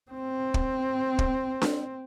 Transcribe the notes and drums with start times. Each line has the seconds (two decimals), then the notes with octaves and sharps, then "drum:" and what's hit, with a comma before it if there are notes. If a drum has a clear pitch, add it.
0.11 C4
0.54 drum: kick
1.19 drum: kick
1.62 drum: snare D4